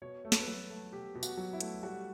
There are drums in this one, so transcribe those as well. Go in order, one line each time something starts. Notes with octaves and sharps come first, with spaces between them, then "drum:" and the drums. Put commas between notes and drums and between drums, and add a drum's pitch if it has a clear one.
B2 C#5
A3
A4, drum: snare
B4
F#3 A4
A3
B2 G4
B2
F#4, drum: tambourine
F#3
E4
A3, drum: hi-hat
G3 F#4